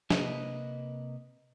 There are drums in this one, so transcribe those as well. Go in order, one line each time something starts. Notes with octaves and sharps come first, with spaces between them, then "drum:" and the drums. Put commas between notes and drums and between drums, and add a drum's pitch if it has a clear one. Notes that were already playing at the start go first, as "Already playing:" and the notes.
C3 A#3 B4 D#5, drum: snare